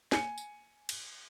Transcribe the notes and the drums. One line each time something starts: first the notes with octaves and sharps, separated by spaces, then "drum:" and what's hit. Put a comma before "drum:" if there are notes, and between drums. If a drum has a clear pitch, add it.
G#5 C#7, drum: snare
drum: tambourine
drum: cymbal